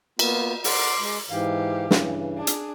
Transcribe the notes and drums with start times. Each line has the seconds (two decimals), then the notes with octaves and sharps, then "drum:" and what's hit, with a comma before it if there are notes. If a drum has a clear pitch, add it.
0.19 A#3 B3 F4, drum: cymbal
0.64 A#4 D5 F#5 C6 D6, drum: open hi-hat
0.99 G#3
1.29 G#2 E3 G4 F5
1.91 G2 C#3 E3, drum: snare
2.37 D4 G#4
2.47 drum: hi-hat